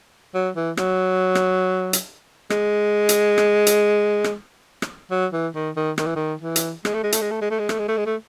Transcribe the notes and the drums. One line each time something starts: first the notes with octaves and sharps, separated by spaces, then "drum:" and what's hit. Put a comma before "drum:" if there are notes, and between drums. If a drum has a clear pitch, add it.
F#3
E3
F#3, drum: rim click
drum: rim click
drum: hi-hat
G#3, drum: rim click
drum: hi-hat
drum: rim click
drum: hi-hat
drum: rim click
drum: rim click
F#3
E3
D#3
D#3
D#3, drum: rim click
E3
D#3
E3
drum: hi-hat
G#3, drum: rim click
A3
G#3
A3, drum: hi-hat
G#3
A3
G#3
A3
G#3
A3, drum: rim click
G#3
A3
G#3
A3